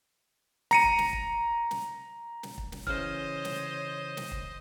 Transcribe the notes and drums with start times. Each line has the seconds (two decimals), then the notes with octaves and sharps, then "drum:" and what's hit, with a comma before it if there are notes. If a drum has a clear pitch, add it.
0.71 A#5 C#7 D#7, drum: snare
0.84 drum: kick
0.98 drum: snare
1.13 drum: kick
1.71 drum: snare
2.43 drum: snare
2.58 drum: kick
2.72 drum: snare
2.87 C#3 E3 C5 C#5 D#5 F6, drum: kick
3.45 drum: snare
4.17 drum: snare
4.32 drum: kick